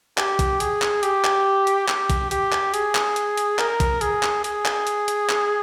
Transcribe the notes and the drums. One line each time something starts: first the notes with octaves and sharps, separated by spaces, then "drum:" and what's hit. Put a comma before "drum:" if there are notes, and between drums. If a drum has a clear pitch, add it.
G4, drum: clap
drum: kick, hi-hat
G#4, drum: hi-hat
drum: clap
G4, drum: hi-hat
drum: clap
drum: hi-hat
G4, drum: clap
drum: kick, hi-hat
G4, drum: hi-hat
drum: clap
G#4, drum: hi-hat
drum: clap
drum: hi-hat
drum: hi-hat
A#4, drum: clap
drum: kick, hi-hat
G#4, drum: hi-hat
drum: clap
G#4, drum: hi-hat
drum: clap
drum: hi-hat
drum: hi-hat
drum: clap